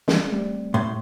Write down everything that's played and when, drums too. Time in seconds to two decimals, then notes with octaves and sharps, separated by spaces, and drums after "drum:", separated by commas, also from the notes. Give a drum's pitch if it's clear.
0.08 G3, drum: snare
0.31 G3 A3 C4
0.74 A2 C6